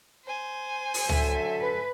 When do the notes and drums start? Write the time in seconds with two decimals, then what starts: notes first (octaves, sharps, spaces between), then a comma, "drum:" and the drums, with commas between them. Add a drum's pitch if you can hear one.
0.25 C5 G#5
0.94 drum: open hi-hat
1.09 D3 F#3 A4 E5, drum: tom C#2
1.60 B4